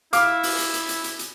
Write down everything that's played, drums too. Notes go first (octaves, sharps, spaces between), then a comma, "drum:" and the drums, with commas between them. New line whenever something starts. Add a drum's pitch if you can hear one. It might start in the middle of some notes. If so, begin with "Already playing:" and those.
E4 F5 D6, drum: hi-hat
drum: open hi-hat
drum: hi-hat
drum: hi-hat
drum: hi-hat
drum: hi-hat
drum: hi-hat